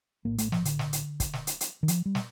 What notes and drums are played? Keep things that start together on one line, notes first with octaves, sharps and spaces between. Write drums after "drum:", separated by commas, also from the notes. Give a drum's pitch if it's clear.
A#1 A2 A#3
A3, drum: hi-hat
F3, drum: snare
D3, drum: hi-hat
drum: snare
drum: hi-hat
drum: kick, hi-hat
drum: snare
drum: hi-hat
drum: hi-hat
D#3
F3, drum: hi-hat
G3
drum: snare